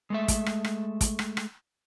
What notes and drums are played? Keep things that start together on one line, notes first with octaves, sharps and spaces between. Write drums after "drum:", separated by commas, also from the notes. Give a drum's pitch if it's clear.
G#3 A3 E5
drum: kick, hi-hat
drum: rim click
drum: rim click
drum: kick, hi-hat
drum: rim click
drum: rim click